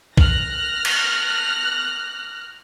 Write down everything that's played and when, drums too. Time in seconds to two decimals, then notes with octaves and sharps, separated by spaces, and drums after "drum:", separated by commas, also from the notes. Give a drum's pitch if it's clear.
0.17 F6 F#6 A#6, drum: kick
0.85 drum: cymbal